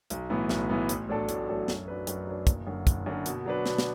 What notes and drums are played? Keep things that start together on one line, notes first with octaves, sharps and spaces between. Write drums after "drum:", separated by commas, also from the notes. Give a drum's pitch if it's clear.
B1, drum: hi-hat
A2 E3 B3
B1, drum: snare
A2 E3 B3
A1, drum: hi-hat
A2 F#3 D4 A4
A1, drum: hi-hat
A2 F#3 D4 A4
F#2, drum: snare
F#3 D4 B4
F#2, drum: hi-hat
F#3 D4 B4
F#1, drum: kick, hi-hat
F#2 D3
F#1, drum: kick, hi-hat
F#2 D3
B2, drum: hi-hat
F#3 D4 B4
B2, drum: snare
drum: snare